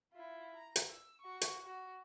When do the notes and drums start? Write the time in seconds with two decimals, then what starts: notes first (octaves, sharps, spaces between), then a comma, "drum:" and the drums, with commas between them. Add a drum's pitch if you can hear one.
0.13 E4 F4
0.56 A#5
0.76 drum: hi-hat
0.89 E6
1.21 F#4 C#6
1.41 drum: hi-hat
1.65 F#4